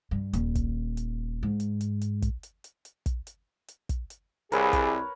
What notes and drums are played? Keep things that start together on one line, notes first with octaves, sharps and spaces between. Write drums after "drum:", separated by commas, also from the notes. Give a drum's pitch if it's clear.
G2
D#1, drum: hi-hat
drum: kick, hi-hat
drum: hi-hat
G#2
drum: hi-hat
drum: hi-hat
drum: hi-hat
drum: kick, hi-hat
drum: hi-hat
drum: hi-hat
drum: hi-hat
drum: kick, hi-hat
drum: hi-hat
drum: hi-hat
drum: kick, hi-hat
drum: hi-hat
C2 G#4 A#4 B4 C#5, drum: hi-hat
drum: kick, hi-hat